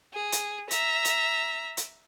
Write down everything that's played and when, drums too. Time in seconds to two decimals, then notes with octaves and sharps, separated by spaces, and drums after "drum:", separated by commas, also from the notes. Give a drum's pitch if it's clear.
0.14 G#4
0.32 drum: hi-hat
0.71 E5 A#5, drum: hi-hat
1.05 drum: hi-hat
1.77 drum: hi-hat